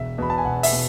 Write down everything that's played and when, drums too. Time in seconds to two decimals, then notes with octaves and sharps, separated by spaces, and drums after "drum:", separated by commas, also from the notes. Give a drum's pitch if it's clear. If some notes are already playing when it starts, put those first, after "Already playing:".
Already playing: E1 E5
0.18 E2 B2 B5
0.30 A5
0.38 G#5
0.45 E1 F#5
0.63 E5, drum: open hi-hat
0.73 B2